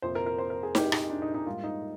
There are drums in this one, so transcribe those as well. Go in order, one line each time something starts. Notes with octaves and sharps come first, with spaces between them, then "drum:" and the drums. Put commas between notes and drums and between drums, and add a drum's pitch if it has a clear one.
F2 C3 F3 A#3 C5
A#4
A#4
C5
A#4
G#4
G4, drum: snare
D#4, drum: rim click
D4
D#4
D#4
G#2 G3 A#3 F4
D#4